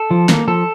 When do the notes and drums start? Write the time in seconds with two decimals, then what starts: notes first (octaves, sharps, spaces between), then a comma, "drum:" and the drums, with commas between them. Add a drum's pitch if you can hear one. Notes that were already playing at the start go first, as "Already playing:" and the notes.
Already playing: A4
0.11 F3
0.29 A#3, drum: snare
0.48 F3 A4